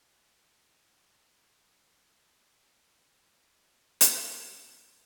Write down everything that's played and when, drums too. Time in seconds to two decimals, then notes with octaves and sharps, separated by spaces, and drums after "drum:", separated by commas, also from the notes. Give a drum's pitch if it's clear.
0.18 E4
0.47 C4 G4
0.91 A3
1.05 D5
1.35 C4
2.22 C5
2.52 A4
2.81 G4
3.11 A4
3.39 A4
3.68 G4
4.01 drum: hi-hat
4.27 G4
4.56 E4